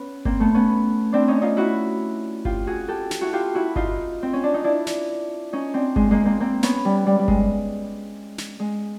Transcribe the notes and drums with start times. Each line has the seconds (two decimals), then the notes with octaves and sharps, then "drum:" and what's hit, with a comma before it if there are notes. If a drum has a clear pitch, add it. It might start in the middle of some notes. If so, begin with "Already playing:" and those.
Already playing: B3 C#4
0.25 A#3 C4, drum: kick G1
0.40 A3 B3
0.54 B3 C#4
1.13 C4 D4
1.28 C#4 D#4
1.42 D#4 F4
1.57 E4 F#4
2.45 F4 G4, drum: kick G1
2.67 F#4 G#4
2.88 G4 A4
3.11 drum: snare
3.21 E4 F#4
3.33 F4 G4
3.55 E4 F#4
3.76 D#4 F4, drum: kick G1
4.23 C4
4.33 C#4
4.44 D4
4.54 D#4
4.64 D4 E4
4.87 drum: snare
5.53 C#4 D#4
5.74 C4 D4
5.96 G#3, drum: kick G1
6.11 G#3 A#3
6.25 A#3 C4
6.40 A#3 C4
6.63 B3 C#4, drum: snare
6.85 G3
7.07 G3
7.19 G3
7.28 G#3, drum: kick G1
8.38 drum: snare
8.60 G#3